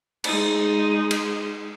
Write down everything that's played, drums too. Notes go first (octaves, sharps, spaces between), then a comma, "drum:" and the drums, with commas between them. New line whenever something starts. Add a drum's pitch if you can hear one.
G#3 D#4, drum: cymbal
drum: cymbal